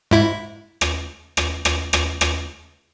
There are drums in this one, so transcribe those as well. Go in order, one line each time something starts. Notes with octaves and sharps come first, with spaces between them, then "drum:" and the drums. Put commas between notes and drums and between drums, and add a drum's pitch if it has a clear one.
G#2 E4
drum: rim click
drum: rim click
drum: rim click
drum: rim click
drum: rim click